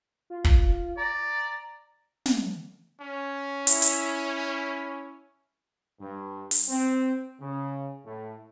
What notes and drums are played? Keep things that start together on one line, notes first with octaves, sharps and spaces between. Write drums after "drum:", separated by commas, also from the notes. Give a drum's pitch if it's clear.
F4
drum: kick
D5 A#5
drum: snare
C#4
E4, drum: hi-hat
drum: hi-hat
G2
drum: open hi-hat
C4
C#3
A2